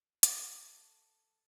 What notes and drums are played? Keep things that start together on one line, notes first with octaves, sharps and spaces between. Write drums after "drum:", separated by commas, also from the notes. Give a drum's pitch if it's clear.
A4, drum: hi-hat